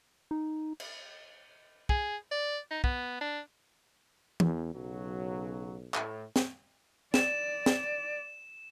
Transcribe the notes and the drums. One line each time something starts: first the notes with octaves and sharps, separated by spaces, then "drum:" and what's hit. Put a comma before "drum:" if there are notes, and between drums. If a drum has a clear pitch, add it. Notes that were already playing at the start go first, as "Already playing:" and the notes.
D#4
drum: cymbal
G#4, drum: kick
D5
D#4
B3, drum: kick
D4
E2, drum: tom E3
B1 C#3 F#3
A2, drum: clap
drum: snare
D5 E7, drum: snare
drum: snare